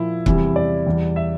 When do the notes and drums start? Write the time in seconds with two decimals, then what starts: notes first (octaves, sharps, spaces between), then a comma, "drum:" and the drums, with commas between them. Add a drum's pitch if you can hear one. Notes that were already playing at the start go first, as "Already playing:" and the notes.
Already playing: A#2 F3 E4
0.26 E2 C3 E3 G3, drum: kick C#1
0.56 D5
0.86 E2 E3 G3
1.16 E5